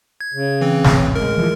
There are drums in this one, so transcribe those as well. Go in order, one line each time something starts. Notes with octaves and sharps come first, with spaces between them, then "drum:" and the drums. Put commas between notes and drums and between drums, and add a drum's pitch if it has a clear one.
G#6
C#3
E3 C4
D1 G#1 A2, drum: snare
G#3 A#4
E3 F3